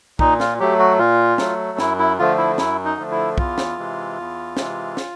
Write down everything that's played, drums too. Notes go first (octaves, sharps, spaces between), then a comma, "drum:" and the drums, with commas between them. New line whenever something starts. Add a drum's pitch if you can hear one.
A#2 D#4, drum: kick
F4, drum: snare
F#3 A3 G4
F#4
A#2 F4
F#3 A3, drum: snare
F#2 E4, drum: snare
E4
D3 F3 A3 F4
E4
F#2 E4, drum: snare
D#4
D3 F3 A3
E4
E2 F4, drum: kick
drum: snare
C3 E3 G#3
E2
C3 E3 G#3, drum: snare
drum: snare